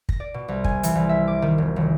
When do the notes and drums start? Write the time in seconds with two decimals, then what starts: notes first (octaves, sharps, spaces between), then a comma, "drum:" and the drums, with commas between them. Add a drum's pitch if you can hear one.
0.09 A#6, drum: kick
0.20 D5
0.34 B2
0.48 C2
0.64 G#5, drum: kick
0.83 E3, drum: hi-hat
0.95 C2
1.09 E5
1.28 D6
1.42 D#3
1.58 E1
1.76 F1